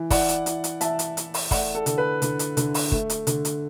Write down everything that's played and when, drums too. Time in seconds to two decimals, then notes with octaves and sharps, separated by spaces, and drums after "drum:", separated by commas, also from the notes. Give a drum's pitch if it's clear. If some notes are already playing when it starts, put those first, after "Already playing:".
Already playing: E3
0.10 E4 D5 F#5, drum: kick, open hi-hat
0.29 drum: hi-hat
0.46 E3, drum: hi-hat
0.64 drum: hi-hat
0.81 E3 E5 A5, drum: hi-hat
0.99 drum: hi-hat
1.17 E4, drum: hi-hat
1.34 drum: open hi-hat
1.51 A3 D5 F#5, drum: kick, open hi-hat
1.75 A4
1.86 D3, drum: hi-hat
1.98 B4
2.22 D3, drum: hi-hat
2.39 drum: hi-hat
2.57 D3, drum: hi-hat
2.74 drum: open hi-hat
2.92 A3, drum: kick
3.10 drum: hi-hat
3.27 D3, drum: hi-hat
3.45 drum: hi-hat